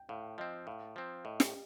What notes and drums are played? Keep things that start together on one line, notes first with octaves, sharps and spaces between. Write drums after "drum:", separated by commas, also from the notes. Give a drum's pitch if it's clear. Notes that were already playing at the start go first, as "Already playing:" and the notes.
Already playing: G5
A2 F5
F3 C4 D#5
A2 F5
F3 C4
A2 D#5
drum: snare